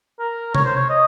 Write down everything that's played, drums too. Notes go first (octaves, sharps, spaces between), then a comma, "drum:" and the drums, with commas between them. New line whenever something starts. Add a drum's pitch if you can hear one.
A#4
C#5, drum: tom C3
C5
C#5
D#5